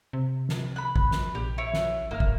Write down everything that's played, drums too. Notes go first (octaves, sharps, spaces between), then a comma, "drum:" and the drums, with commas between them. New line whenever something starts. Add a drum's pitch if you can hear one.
C3
drum: snare
B5 F#6
drum: kick
drum: snare
A#1 G4
E4 C#5
drum: snare
F#1 A#3 F6
drum: kick